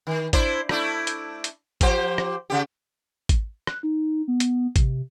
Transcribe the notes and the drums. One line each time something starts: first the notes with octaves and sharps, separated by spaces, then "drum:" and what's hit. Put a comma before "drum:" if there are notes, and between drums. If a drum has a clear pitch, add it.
D#3
D4 E4 C5, drum: kick G#1, hi-hat
A3 D4 E4, drum: rim click
drum: hi-hat
drum: hi-hat
F3 G4 C5, drum: kick G#1, hi-hat
drum: rim click
C#3 G4
drum: kick G#1, hi-hat
F#6, drum: rim click
D#4
B3
drum: hi-hat
C3, drum: kick G#1, hi-hat